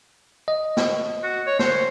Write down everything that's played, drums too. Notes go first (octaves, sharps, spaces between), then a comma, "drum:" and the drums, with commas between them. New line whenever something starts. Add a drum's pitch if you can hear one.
D#5
drum: snare
F#4
C#5
C5, drum: snare